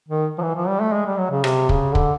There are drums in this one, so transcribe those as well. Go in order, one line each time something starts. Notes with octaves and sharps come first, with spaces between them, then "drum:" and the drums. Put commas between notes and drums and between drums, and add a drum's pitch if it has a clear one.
D#3
F3
E3
F3
G3
A3
G#3
G3
F#3
C#3
C3, drum: rim click
C#3, drum: kick
D3, drum: kick